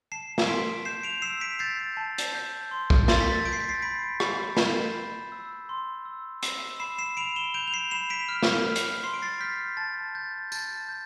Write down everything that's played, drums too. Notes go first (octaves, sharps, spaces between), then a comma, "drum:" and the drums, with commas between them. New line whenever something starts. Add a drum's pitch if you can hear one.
A5 C7 E7
drum: snare
C6 B6 D7
G6 C7 E7
D7 F7
E6 C7 E7
B6 D7
G6 A6 C7
A5
drum: hi-hat
G6
C6
drum: kick
C6 A6, drum: snare
B6
A6
G6 D7
C7
B6
A6 C7
B5 B6 D7
B5, drum: rim click
G6 C7 E7, drum: snare
B5
E6
C6
E6
E6, drum: hi-hat
B5 C7 E7
C7 E7
B5 D7 F7
E7 G7
G6 D7 F7
F7
C7 E7
B5 C7 E7
B6 D7
F6
drum: snare
F6
drum: hi-hat
C6 C7
D7
A6 C7
F6 G6 B6
A5 A6
G6 A6
A5 A6, drum: tambourine
G6